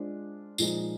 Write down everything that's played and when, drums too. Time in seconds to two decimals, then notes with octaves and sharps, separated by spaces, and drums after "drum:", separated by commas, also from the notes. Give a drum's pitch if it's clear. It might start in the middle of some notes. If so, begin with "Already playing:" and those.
Already playing: G#3 D4 F4 C5
0.58 A#2 F3 G#3 D#4, drum: tambourine